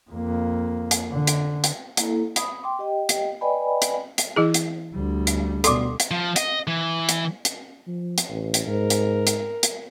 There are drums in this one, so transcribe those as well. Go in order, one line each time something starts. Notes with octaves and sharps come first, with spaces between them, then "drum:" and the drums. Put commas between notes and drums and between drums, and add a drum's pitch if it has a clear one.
F2 A#3
drum: hi-hat
D3
drum: hi-hat
drum: hi-hat
A#3 E4 A4, drum: hi-hat
B5 D#6, drum: hi-hat
G5 C6 D6
G4 D#5 G5
drum: hi-hat
B4 D5 D#5 G5 G#5 B5
drum: hi-hat
drum: hi-hat
E3 E4 G#4
drum: hi-hat
D2 G3
drum: hi-hat
B2 A4 D5 C6 D6, drum: hi-hat
drum: hi-hat
F3
D#5, drum: hi-hat
E3
drum: hi-hat
drum: hi-hat
F3
drum: hi-hat
A1
drum: hi-hat
G#2 A#4
drum: hi-hat
drum: hi-hat
drum: hi-hat